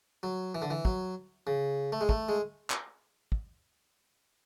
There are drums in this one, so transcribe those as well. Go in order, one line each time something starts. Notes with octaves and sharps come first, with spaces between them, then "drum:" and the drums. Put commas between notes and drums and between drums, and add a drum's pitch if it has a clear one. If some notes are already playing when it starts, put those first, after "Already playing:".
F#3
E3
D3
E3
F#3, drum: kick
C#3
A3
G#3
A3, drum: kick
G#3
drum: clap
drum: kick